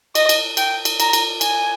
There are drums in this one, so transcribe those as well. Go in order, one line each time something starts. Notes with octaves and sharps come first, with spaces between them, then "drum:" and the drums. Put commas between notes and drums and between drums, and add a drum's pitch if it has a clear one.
D#5, drum: cymbal
drum: cymbal
G5, drum: cymbal
drum: cymbal
A#5, drum: cymbal
drum: cymbal
G#5, drum: cymbal